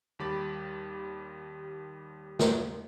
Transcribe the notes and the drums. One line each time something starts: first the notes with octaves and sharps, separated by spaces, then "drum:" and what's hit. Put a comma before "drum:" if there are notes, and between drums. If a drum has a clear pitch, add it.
D#2 G3 G4 B5 D6 A6
drum: snare